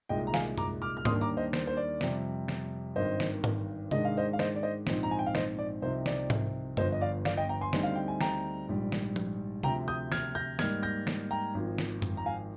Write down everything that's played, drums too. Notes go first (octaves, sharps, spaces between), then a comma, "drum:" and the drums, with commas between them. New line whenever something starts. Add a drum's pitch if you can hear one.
C2 A#2 G#3 D#4 D#5 G5
A#5
F5 G#5, drum: snare
A#5 D6, drum: tom F#2
D6 F6
F6
D#2 D#3 G3 A#3 D4 C6 D#6, drum: tom G#2
A#5 D6
C5 D#5
C5, drum: snare
C5
D5
F2 C3 G3, drum: snare
drum: snare
G#1 G2 D#3 C5 D#5
drum: snare
drum: tom G#2
G#2 D#3 G#3 D4 D#5, drum: tom C3
F5
C5 D#5
F5
C5 D#5, drum: snare
D5
C5 D#5
A#1 G#2 F3 C4 D#4, drum: snare
A#5
G#5
G5
F5
C5 D#5, drum: snare
D5
C2 C3 F3 C4 D#4 C5
D5, drum: snare
drum: tom G#2
G1 G2 D3 F3 C5 D#5, drum: tom F#2
D#5
D5 F5
D5 F5, drum: snare
D#5 G5
G5 A#5
G#5 C6
D2 D3 G3 C4 D#4, drum: snare
F5
G5
G#5
G5 A#5, drum: snare
A#1 G#2 G3
drum: snare
drum: tom F3
D2 C3 F3 G5 A#5, drum: tom C3
D#6 G6
F6 G#6, drum: snare
G6 A#6
G#2 G3 A#3 D#4 F6 G#6, drum: snare
G6 A#6
drum: snare
G5 A#5
G#1 G#2 F3
drum: snare
drum: tom F#2
A#5
F5 G#5